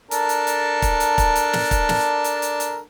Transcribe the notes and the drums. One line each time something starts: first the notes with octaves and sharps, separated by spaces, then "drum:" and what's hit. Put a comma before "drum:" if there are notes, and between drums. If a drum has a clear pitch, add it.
D4 A4 A#4, drum: hi-hat
drum: hi-hat
drum: hi-hat
drum: kick, hi-hat
drum: hi-hat
drum: kick, hi-hat
drum: hi-hat
drum: snare
drum: kick, hi-hat
drum: snare
drum: hi-hat
drum: hi-hat
drum: hi-hat